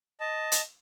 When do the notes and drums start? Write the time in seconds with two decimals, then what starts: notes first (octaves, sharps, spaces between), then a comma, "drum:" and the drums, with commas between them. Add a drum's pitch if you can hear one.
0.20 D#5 A5
0.52 drum: hi-hat